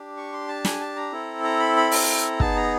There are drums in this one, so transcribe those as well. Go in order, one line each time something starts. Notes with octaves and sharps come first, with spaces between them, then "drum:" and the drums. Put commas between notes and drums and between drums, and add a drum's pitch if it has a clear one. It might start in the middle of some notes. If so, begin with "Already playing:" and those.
Already playing: D4 G4
C#6
C6
A5
G#5, drum: snare
A5
A#5
C4 E4 A4
A#5
B5
B5
A#5, drum: open hi-hat
B3 D#4 G#4 A5, drum: kick
A#5